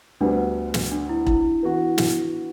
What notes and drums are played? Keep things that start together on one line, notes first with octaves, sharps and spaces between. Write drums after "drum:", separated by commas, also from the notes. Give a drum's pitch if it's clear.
D2 D3 G3 B3 D4
drum: snare
D4
E4
E4, drum: kick E1
E3 B3 F#4
drum: snare